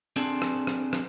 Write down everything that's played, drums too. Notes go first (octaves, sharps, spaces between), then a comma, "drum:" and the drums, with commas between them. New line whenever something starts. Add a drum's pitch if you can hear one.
C4 D4 G#4 A4
drum: rim click
drum: rim click
drum: rim click